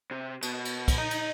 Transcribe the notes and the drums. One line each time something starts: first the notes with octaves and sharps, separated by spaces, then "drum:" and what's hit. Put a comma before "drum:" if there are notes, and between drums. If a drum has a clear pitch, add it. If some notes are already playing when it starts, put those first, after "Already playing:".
C3
B2, drum: cymbal
drum: cymbal
drum: kick, cymbal
D#5 A#5
drum: cymbal